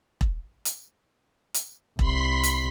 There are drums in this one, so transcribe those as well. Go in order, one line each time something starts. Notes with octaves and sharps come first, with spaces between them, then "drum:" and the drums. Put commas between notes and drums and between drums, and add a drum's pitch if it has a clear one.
drum: kick E1
drum: hi-hat
drum: hi-hat
C2 B5 C6 B6, drum: kick E1
drum: hi-hat